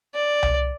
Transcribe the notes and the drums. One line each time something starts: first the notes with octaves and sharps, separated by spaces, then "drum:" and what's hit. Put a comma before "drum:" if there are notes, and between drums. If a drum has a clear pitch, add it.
D5
drum: tom C2